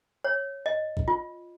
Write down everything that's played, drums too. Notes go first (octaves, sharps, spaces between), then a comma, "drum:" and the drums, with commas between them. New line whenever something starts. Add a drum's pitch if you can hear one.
C#5
D#5
drum: kick A1
F4